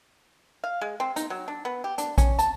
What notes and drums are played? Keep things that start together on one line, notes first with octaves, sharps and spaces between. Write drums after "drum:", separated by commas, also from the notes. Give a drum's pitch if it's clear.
F5
G#3
C4
D#4, drum: hi-hat
F#3
D4
B3
G4
D4, drum: hi-hat
C#4, drum: kick A#1, hi-hat
A5, drum: hi-hat